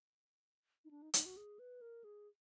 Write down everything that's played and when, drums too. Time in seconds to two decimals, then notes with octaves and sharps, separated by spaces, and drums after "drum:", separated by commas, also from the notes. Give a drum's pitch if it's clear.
0.85 D#4
0.91 D4
1.02 D#4
1.14 D#4, drum: hi-hat
1.26 F#4
1.37 G#4
1.59 B4
1.81 A#4
2.04 G#4